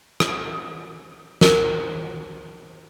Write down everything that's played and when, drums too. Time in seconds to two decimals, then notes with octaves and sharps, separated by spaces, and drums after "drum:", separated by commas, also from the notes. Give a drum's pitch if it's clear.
0.20 drum: rim click
1.41 A#4, drum: snare